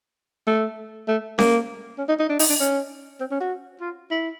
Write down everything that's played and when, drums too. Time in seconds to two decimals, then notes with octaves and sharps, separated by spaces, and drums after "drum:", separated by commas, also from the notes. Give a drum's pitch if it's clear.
0.47 A3
1.08 A3
1.39 A#3, drum: snare C#4
1.98 C#4
2.09 D#4
2.19 D#4
2.29 D4
2.39 D#4, drum: open hi-hat
2.49 D4
2.60 C#4
3.20 C4
3.31 C#4
3.40 F#4
3.80 F4
4.11 E4